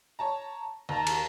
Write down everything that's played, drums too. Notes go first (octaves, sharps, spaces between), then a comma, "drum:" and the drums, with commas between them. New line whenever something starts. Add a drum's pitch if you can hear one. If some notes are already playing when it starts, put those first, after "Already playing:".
C#5 A5 A#5
D#2 A5 A#5
drum: cymbal